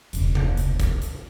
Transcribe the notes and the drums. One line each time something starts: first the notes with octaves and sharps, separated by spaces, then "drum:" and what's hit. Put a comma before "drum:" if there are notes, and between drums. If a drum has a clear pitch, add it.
E1 C#2, drum: hi-hat
drum: tom C3
drum: hi-hat
drum: kick, hi-hat
drum: hi-hat